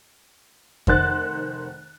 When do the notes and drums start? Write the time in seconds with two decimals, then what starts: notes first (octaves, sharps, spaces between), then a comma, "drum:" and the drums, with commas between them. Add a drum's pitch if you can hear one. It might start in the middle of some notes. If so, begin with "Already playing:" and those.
0.87 F1 D#3 C5 F#5 F#6 A6, drum: kick F2